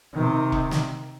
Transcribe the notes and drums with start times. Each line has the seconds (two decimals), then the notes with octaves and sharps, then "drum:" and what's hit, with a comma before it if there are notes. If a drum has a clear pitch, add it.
0.14 C3 D#3
0.52 drum: kick E1
0.71 drum: snare